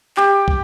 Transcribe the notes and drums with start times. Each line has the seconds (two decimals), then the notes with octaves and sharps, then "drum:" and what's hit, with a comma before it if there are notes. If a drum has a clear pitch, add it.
0.17 G4, drum: clap
0.48 drum: kick